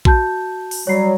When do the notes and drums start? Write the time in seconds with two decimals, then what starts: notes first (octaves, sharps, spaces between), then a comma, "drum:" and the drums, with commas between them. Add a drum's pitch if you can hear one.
0.05 F#4 A5 G6, drum: kick A#1
0.71 drum: open hi-hat
0.87 F#3 G3 C#5 C7